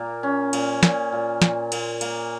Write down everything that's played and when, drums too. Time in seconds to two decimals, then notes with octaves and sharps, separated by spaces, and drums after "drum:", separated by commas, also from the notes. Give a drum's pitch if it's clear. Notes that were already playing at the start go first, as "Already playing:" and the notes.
Already playing: A#2 A#3
0.23 C#4
0.53 A#2, drum: cymbal
0.83 A#2, drum: snare
1.12 A#2
1.42 A#2, drum: snare
1.72 A#2, drum: cymbal
2.01 A#3, drum: cymbal